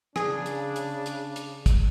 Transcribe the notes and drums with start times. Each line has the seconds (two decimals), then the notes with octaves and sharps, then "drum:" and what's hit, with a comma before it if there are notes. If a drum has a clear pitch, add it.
0.16 C#3 D4 G#4, drum: rim click
0.46 drum: hi-hat
0.76 drum: hi-hat
1.06 drum: hi-hat
1.36 drum: hi-hat
1.66 drum: kick, hi-hat